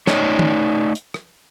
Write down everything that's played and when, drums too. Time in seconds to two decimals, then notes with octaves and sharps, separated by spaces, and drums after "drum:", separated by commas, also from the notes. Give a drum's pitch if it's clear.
0.07 A3 D#4 C#5 D5, drum: snare
0.39 drum: tom D#3
0.95 drum: hi-hat
1.14 drum: rim click